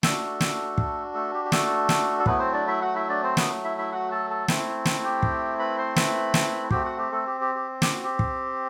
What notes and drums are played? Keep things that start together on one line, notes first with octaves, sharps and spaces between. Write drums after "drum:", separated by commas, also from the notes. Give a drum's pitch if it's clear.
A3 D4 F#4 A4, drum: snare
drum: snare
drum: kick
A3 A4
G4
G4
A3 A4, drum: snare
drum: snare
A4
F#3 A3 B3 E4 B4, drum: kick
C4 C5
D4 D5
E4 E5
F#4 F#5
E4 E5
D4 D5
C4 C5
B3 B4, drum: snare
E4 E5
E4 E5
F#4 F#5
A4 A5
A4 A5
A3 C4 E4, drum: snare
drum: snare
G4 G5
drum: kick
B4 B5
C5 C6
B4 B5, drum: snare
drum: snare
A3 C4 F#4 G4 G5, drum: kick
F#4 F#5
G4
A3 A4
G4
G4
G4
G4, drum: snare
F#4
G4
drum: kick